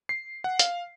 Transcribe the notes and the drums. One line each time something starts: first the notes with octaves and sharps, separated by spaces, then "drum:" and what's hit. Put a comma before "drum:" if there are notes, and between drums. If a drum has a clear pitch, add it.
C7
F#5
F5, drum: hi-hat